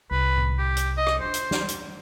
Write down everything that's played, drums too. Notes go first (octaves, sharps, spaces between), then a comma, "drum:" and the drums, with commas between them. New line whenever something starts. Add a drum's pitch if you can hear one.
C2 B4
drum: tom A2
G4
drum: hi-hat
D#5
drum: rim click
D4 F4 C5
drum: hi-hat
drum: snare
drum: hi-hat